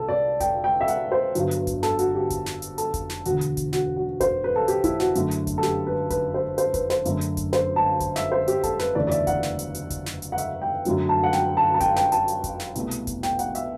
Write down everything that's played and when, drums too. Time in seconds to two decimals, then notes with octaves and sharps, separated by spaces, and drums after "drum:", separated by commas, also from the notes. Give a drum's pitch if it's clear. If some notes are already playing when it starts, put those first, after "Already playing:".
Already playing: C2 C3 G3 A4
0.09 D5
0.40 G5, drum: kick F1, hi-hat
0.64 G5
0.81 E5
0.88 F#5, drum: hi-hat
1.12 C5
1.35 G1 G2 D3 F#3, drum: hi-hat
1.51 drum: hi-hat
1.67 drum: kick F1, hi-hat
1.83 A4, drum: snare
1.99 F#4, drum: hi-hat
2.15 G4
2.30 drum: kick F1, hi-hat
2.46 drum: snare
2.62 drum: hi-hat
2.78 A4, drum: hi-hat
2.94 drum: kick F1, hi-hat
3.09 drum: snare
3.25 E1 D2 D3 F#4, drum: hi-hat
3.41 drum: hi-hat
3.57 drum: kick F1, hi-hat
3.73 F#4, drum: snare
3.97 F#4
4.20 C5, drum: kick F1, hi-hat
4.44 B4
4.56 A4
4.68 G4, drum: hi-hat
4.84 E4, drum: kick F1, hi-hat
5.00 F#4, drum: snare
5.15 F#2 D3 A3, drum: hi-hat
5.31 drum: hi-hat
5.47 drum: kick F1, hi-hat
5.58 A4
5.63 G4, drum: snare
5.87 B4
6.10 B4, drum: kick F1, hi-hat
6.34 C5
6.58 C5, drum: hi-hat
6.74 B4, drum: kick F1, hi-hat
6.90 C5, drum: snare
7.05 F#2 D3 A3, drum: hi-hat
7.21 drum: hi-hat
7.37 drum: kick F1, hi-hat
7.53 C5, drum: snare
7.76 A5
8.00 drum: kick F1, hi-hat
8.16 E5, drum: snare
8.32 C5
8.48 G4, drum: hi-hat
8.63 A4, drum: kick F1, hi-hat
8.79 B4, drum: snare
8.95 F#1 E2 D3 A3 D5
9.07 D5
9.11 E5, drum: hi-hat
9.27 F#5, drum: kick F1, hi-hat
9.43 drum: snare
9.59 drum: hi-hat
9.75 drum: hi-hat
9.90 drum: kick F1, hi-hat
10.06 drum: snare
10.22 drum: hi-hat
10.32 F#5
10.38 E5, drum: hi-hat
10.62 G5
10.85 F#2 D3 F#3 A3, drum: hi-hat
11.09 A5
11.23 F#5
11.33 G5, drum: snare
11.57 A5
11.74 A5
11.80 G5, drum: kick F1, hi-hat
11.96 G5, drum: snare
12.12 A5, drum: hi-hat
12.28 drum: hi-hat
12.44 drum: kick F1, hi-hat
12.60 drum: snare
12.75 C2 B2 A3, drum: hi-hat
12.91 drum: hi-hat
13.07 drum: kick F1, hi-hat
13.23 G5, drum: snare
13.39 F#5, drum: hi-hat
13.55 E5, drum: hi-hat